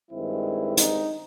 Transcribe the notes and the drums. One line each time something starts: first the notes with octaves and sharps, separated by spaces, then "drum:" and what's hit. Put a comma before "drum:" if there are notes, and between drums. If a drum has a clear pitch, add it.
G2 D#3 G#3 C4 E4
D#4, drum: hi-hat